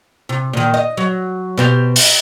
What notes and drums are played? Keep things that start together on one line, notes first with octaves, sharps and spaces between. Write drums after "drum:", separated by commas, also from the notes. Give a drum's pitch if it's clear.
C3
A#2 D#3
D#5
F#3
B2 C4 G4
drum: open hi-hat